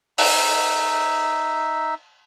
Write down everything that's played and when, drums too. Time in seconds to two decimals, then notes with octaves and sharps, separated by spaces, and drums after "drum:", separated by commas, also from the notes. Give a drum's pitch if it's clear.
0.18 D#4 E5, drum: open hi-hat